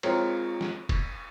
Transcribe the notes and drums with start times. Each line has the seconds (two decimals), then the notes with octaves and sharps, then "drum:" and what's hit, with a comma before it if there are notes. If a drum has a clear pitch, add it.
0.03 G#3 C4 F4 A#4 C#5, drum: cymbal
0.61 drum: snare
0.89 drum: kick E1, cymbal